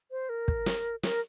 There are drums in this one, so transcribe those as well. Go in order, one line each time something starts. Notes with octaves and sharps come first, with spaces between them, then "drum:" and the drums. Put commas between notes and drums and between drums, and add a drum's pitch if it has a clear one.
C5
A#4
drum: kick
drum: snare
A#4, drum: snare